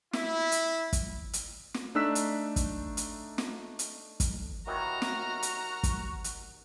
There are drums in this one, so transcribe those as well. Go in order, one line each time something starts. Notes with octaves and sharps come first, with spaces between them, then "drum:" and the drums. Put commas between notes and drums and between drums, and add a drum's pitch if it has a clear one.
E4, drum: snare
drum: hi-hat
drum: kick, hi-hat
drum: hi-hat
drum: snare
A3 D4 D#4 E6 F#6 B6
drum: hi-hat
drum: kick, hi-hat
drum: hi-hat
drum: snare
drum: hi-hat
drum: kick, hi-hat
D#2 D#3 E3 F#4 A#5 F6
drum: snare
drum: hi-hat
drum: kick, hi-hat
drum: hi-hat